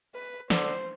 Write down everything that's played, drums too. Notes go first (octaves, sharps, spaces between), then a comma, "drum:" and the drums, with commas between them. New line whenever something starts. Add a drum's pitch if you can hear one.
B4
D3 C5, drum: snare